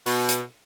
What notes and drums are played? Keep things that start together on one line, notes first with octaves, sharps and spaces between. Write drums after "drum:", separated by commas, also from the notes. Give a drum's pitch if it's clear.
B2, drum: open hi-hat
drum: hi-hat